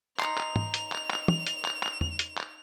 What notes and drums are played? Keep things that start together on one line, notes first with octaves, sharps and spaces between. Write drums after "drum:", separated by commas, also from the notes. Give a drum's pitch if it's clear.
D#4 A#5 C6 F7, drum: clap
drum: clap
drum: tom
drum: hi-hat
drum: clap
drum: clap
drum: tom
drum: hi-hat
drum: clap
drum: clap
drum: tom
drum: hi-hat
drum: clap